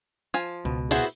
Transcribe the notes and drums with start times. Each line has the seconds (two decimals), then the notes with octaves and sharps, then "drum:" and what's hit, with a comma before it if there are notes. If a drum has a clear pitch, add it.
0.34 F3 F4 G#5
0.65 C#2 B2
0.91 B3 E4 F#4 G#4 C5, drum: open hi-hat